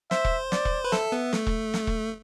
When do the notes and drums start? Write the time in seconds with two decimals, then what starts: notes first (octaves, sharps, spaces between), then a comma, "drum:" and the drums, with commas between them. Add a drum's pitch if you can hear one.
0.11 C5 E5, drum: snare
0.25 drum: kick E1
0.52 D5, drum: snare
0.65 drum: kick E1
0.84 B4
0.92 A4 E5, drum: snare
1.12 B3
1.33 A3, drum: snare
1.47 drum: kick E1
1.74 drum: snare
1.87 drum: kick E1